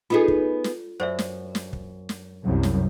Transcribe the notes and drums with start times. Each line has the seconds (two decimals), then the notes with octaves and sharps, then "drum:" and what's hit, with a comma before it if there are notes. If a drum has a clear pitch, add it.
0.10 B3 D#4 F4 G#4 A4
0.28 drum: kick
0.64 drum: snare
1.00 F#2 C5 D5 E5
1.19 drum: snare
1.55 drum: snare
1.73 drum: kick
2.09 drum: snare
2.45 C2 F#2
2.63 drum: snare